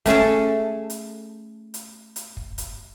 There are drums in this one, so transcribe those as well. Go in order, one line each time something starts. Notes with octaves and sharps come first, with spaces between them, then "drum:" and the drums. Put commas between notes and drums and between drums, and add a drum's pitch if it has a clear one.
A3 C#4 G#4 A4, drum: kick, hi-hat
drum: hi-hat
drum: hi-hat
drum: hi-hat
drum: kick
drum: kick, hi-hat